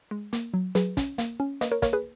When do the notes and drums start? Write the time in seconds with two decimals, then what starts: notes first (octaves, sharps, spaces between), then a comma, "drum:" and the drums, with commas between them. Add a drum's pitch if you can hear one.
0.11 G#3
0.33 A#3, drum: hi-hat
0.54 F#3
0.75 F#3 G#4 B4, drum: hi-hat
0.97 C#4, drum: kick, hi-hat
1.18 A#3, drum: hi-hat
1.40 C#4
1.61 A#3 B4 D#5, drum: hi-hat
1.72 A#4 C#5
1.82 A#3 A#4 C#5, drum: kick, hi-hat
1.93 G#4 B4